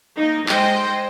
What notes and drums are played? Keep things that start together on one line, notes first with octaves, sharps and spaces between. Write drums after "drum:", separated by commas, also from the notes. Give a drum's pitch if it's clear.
A#3 D#4
G#3 C5 D#5 G5, drum: clap